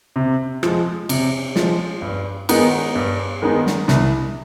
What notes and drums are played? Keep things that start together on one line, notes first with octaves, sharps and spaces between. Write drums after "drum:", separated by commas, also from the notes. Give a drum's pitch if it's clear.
C3
F3 G#3, drum: rim click
C3, drum: cymbal
F3 G#3, drum: snare
G2
D#3 G#3 B3 D#4, drum: cymbal
G2
D#3 G#3 B3 D#4
drum: snare
C2, drum: snare